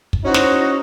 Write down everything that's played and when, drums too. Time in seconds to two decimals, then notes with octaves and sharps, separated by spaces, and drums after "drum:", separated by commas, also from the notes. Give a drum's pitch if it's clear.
0.13 drum: kick
0.24 C#4 D#4 E4 F#4 C5
0.34 drum: snare